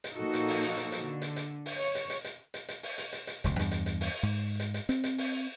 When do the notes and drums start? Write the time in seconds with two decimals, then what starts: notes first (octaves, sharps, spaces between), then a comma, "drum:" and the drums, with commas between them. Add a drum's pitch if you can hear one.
0.04 drum: hi-hat
0.15 A#2 F3 A#3 D#4 F#4 A4
0.33 drum: hi-hat
0.48 drum: open hi-hat
0.63 drum: hi-hat
0.78 drum: hi-hat
0.92 drum: hi-hat
1.03 D3
1.22 drum: hi-hat
1.36 drum: hi-hat
1.66 drum: open hi-hat
1.76 C#5
1.95 drum: hi-hat
2.10 drum: hi-hat
2.24 drum: hi-hat
2.54 drum: hi-hat
2.69 drum: hi-hat
2.83 drum: open hi-hat
2.98 drum: hi-hat
3.13 drum: hi-hat
3.27 drum: hi-hat
3.44 E1 C#2, drum: hi-hat
3.59 E2 G2 G3, drum: hi-hat
3.71 drum: hi-hat
3.86 drum: hi-hat
4.01 drum: open hi-hat
4.23 G#2
4.60 drum: hi-hat
4.74 drum: hi-hat
4.89 C4, drum: hi-hat
5.04 drum: hi-hat
5.18 drum: open hi-hat